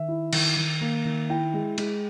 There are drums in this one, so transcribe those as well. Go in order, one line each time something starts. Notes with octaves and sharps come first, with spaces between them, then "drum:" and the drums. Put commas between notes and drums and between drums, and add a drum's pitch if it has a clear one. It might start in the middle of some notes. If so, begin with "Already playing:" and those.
Already playing: D#3 E5
E4
D#3, drum: cymbal
D#3
A#3
D#3
E4 G5
G#3
G#3, drum: cymbal